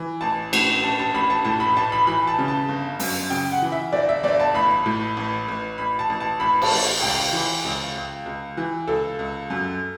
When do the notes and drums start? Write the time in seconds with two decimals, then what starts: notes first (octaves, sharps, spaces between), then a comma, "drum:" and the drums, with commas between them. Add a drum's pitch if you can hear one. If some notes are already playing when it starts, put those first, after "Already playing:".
Already playing: E3
0.21 A1 A5
0.53 A2, drum: cymbal
0.83 A1 A5
0.99 A5
1.14 A1 B5
1.30 A5
1.45 A2 A5
1.60 B5
1.77 A1 A5
1.92 B5
2.07 E3 B5
2.27 A5
2.39 C#3
2.48 A5
2.68 G1
3.00 F#2, drum: open hi-hat
3.30 C#3 G5
3.52 F#5
3.62 E3
3.72 E5
3.92 G1 D5
4.09 E5
4.23 G1 D5
4.40 A5
4.54 A1 B5
4.86 A2
5.17 A1
5.48 A1
5.78 A1 B5
5.99 A5
6.10 A1
6.20 A5
6.40 A1 B5
6.62 A5, drum: cymbal
6.71 A1
7.02 C#2 G5
7.33 E3
7.64 C#2
7.96 C#2
8.26 C#2
8.57 E3
8.88 C#2 A4
9.19 C#2
9.50 F#2